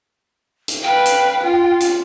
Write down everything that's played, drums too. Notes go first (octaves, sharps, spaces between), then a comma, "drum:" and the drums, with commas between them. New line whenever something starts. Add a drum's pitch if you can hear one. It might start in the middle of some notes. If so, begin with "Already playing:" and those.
drum: hi-hat
B4 F5 G5
drum: hi-hat
F4
drum: hi-hat